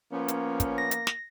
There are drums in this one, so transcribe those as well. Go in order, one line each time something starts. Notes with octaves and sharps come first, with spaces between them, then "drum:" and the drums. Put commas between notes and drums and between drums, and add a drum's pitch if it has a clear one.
F3 A#3 B3 C#4
drum: hi-hat
drum: kick, hi-hat
A#6
drum: hi-hat
drum: snare